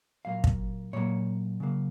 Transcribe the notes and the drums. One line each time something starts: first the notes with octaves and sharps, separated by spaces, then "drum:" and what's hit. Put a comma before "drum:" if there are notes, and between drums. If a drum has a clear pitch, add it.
A#2 F#3 A#3 F5
drum: kick
A#2 F#3 A#3 C#5
C#3 F#3 A#3